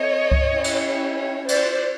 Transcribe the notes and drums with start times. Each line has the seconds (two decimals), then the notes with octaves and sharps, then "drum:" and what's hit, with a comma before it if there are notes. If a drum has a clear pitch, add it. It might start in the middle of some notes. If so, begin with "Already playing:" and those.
Already playing: C4 E4 A4 C#5 D#5
0.32 drum: kick C#2
0.53 C#4 E4 G4
0.64 drum: cymbal
1.17 C#5
1.48 C5 D5, drum: cymbal